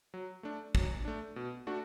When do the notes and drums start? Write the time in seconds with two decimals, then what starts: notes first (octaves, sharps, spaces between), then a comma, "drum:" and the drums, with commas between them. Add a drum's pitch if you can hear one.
0.14 F#3
0.43 A3 D4
0.75 F#3, drum: kick
1.05 A3 D4
1.36 B2
1.67 A3 D4 F#4